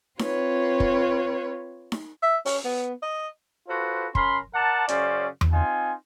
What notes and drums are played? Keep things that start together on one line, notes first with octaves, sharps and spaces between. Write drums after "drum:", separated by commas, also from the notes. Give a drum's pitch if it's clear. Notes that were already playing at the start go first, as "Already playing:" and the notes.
C4 F4 B4 C#5, drum: snare D#4
drum: kick
drum: snare D#4
E5
C#4, drum: open hi-hat
B3
D#5
F4 F#4 A4 B4 C5
C#4 A#4 B5 C6, drum: kick
A#4 D5 F#5 A5
F#2 C#3 C#4 C5 D5, drum: hi-hat
drum: tom E2
C4 D#4 F4 G#5